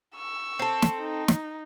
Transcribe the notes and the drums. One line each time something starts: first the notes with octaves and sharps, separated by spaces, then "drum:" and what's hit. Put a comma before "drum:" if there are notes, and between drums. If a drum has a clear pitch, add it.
C#6 E6
C4 A4
drum: snare
D#4
drum: snare